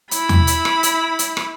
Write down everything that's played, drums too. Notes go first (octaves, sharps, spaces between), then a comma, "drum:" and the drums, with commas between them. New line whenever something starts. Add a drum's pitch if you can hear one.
E4 B5, drum: hi-hat
drum: tom E2
drum: hi-hat
drum: rim click
drum: hi-hat
drum: hi-hat
drum: rim click